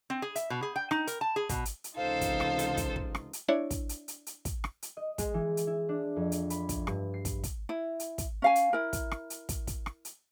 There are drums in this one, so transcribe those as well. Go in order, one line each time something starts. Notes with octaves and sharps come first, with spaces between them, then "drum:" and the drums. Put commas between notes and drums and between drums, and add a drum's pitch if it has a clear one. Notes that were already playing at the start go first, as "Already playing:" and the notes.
C4
G#4
E5, drum: hi-hat
B2
G#4
G5
D#4, drum: rim click
A#4, drum: hi-hat
A5
G#4
B2, drum: kick, hi-hat
drum: hi-hat
drum: hi-hat
C#2 C3 E3 D#4 F4 A4 C5 F5
drum: kick, hi-hat
drum: rim click
drum: hi-hat
drum: kick, hi-hat
drum: kick
drum: rim click
drum: hi-hat
D4 E4 C#5
drum: kick, hi-hat
drum: hi-hat
drum: hi-hat
drum: hi-hat
drum: kick, hi-hat
drum: rim click
drum: hi-hat
D#5
G#3, drum: kick, hi-hat
E3
drum: hi-hat
E4
D4
F2
drum: hi-hat
B5, drum: hi-hat
drum: kick, hi-hat
G2, drum: rim click
C7
drum: kick, hi-hat
drum: kick, hi-hat
E4
drum: hi-hat
drum: kick, hi-hat
C#4 F5 G#5
drum: hi-hat
E4 A#4
drum: kick, hi-hat
drum: rim click
drum: hi-hat
drum: kick, hi-hat
drum: kick, hi-hat
drum: rim click
drum: hi-hat